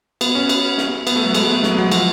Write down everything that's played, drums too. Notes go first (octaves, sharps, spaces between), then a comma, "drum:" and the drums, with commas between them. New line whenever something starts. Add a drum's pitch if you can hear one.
B3, drum: cymbal
C#4
drum: cymbal
drum: snare
B3, drum: cymbal
A3
F#3
G#3, drum: cymbal
B3
A3
F#3, drum: snare
F#3
F3, drum: cymbal